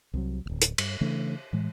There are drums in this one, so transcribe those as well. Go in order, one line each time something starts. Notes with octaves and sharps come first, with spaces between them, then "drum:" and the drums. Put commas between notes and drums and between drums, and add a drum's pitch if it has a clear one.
C2 C3 F#3
D1 B1
drum: hi-hat
G2, drum: cymbal
C#3 E3 A3 D4
A2 E3 G#3